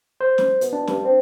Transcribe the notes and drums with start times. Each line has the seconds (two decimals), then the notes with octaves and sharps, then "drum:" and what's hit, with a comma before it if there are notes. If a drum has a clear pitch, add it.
0.21 C5
0.38 drum: snare
0.61 B2, drum: hi-hat
0.73 D4
0.87 G2, drum: snare
1.05 C4